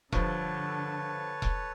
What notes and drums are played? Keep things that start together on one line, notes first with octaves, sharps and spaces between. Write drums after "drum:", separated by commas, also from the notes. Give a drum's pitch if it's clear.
G2 D3 F3 A4 B4 C#5, drum: kick E1
drum: kick E1